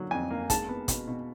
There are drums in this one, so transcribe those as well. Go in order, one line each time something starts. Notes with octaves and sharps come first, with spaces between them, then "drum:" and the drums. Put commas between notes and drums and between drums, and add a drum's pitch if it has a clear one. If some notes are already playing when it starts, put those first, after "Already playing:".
Already playing: D3 F#3 A#3
F2 G#5
A#3
G#3 A5, drum: kick, hi-hat
B3
B2, drum: kick, hi-hat
B2